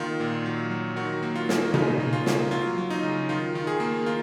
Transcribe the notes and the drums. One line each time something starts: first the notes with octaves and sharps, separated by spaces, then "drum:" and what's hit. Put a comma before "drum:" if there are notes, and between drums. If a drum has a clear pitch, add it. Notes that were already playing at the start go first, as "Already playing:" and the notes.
Already playing: D#3 A#3 F4
A#2
F#3
F#3
D#3 F#4
A#3
F4
A#3, drum: snare
C#3 D#4, drum: tom B2
C#3
F4
A#3, drum: snare
F#3 F4
F#3
D#4
C#3
D#3 F4
D#3
G#4
A#3
A#3 F4